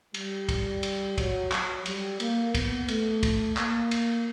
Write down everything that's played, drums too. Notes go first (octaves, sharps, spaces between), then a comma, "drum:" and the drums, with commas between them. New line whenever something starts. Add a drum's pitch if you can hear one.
G3, drum: cymbal
drum: kick, cymbal
drum: cymbal
F#3, drum: kick, cymbal
F#3, drum: clap
G3, drum: cymbal
A#3, drum: cymbal
B3, drum: kick, cymbal
A3, drum: cymbal
drum: kick, cymbal
A#3, drum: clap
drum: cymbal